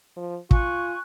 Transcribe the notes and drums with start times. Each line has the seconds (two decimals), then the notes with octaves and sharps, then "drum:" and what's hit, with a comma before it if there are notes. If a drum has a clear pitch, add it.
0.17 F3
0.51 F4 G#5 C#6 F#6, drum: kick